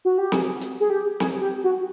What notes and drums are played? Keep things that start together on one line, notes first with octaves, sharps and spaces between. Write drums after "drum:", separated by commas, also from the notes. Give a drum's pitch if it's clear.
F#4
G4
G#4, drum: snare
drum: hi-hat
G#4
G4
G#4, drum: snare
G4
F#4